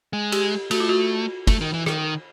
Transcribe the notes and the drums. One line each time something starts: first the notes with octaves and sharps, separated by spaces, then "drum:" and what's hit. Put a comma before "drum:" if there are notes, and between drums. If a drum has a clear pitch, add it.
G#3
G4, drum: cymbal
A3 F#4, drum: cymbal
F4
F#4
A3, drum: kick, cymbal
D#3
E3
D#3, drum: rim click